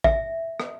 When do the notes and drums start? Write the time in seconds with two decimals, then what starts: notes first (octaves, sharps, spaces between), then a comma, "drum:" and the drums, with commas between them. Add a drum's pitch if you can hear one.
0.04 E5, drum: kick A1
0.60 drum: rim click